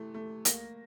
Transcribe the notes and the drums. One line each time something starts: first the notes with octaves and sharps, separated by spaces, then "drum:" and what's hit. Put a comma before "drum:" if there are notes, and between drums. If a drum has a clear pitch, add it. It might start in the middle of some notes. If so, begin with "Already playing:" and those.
Already playing: C3 E3 A3
A3
A#3 A#6, drum: hi-hat